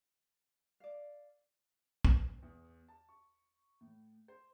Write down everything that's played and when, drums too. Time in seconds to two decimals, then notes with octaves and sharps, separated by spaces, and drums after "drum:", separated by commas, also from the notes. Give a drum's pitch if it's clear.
0.80 D5 F5
2.05 drum: kick
2.42 E2
2.88 A5
3.09 C#6
3.81 A2
4.28 C5